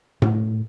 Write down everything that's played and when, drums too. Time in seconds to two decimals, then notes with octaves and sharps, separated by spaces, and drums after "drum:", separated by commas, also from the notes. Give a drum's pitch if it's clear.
0.22 A2, drum: tom A2